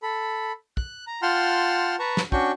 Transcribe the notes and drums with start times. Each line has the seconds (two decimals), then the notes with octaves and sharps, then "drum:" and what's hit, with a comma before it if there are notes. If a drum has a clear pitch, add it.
0.03 A4 B5
0.77 F#6, drum: kick
1.07 A#5
1.22 F4 F#5 G5 A5 C6 F6
1.99 B4 A5 A#5 C#6
2.17 drum: snare
2.32 C#4 D4 F#4 G5 C#6, drum: kick